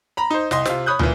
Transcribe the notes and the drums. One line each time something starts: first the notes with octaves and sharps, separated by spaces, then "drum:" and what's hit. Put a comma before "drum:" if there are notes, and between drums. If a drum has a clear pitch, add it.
A#5 B5
D#4 C5
C2 D#5 C6, drum: snare
C3 F4, drum: snare
C#5 B5 D#6 F#6 G6
A#2 E3, drum: tom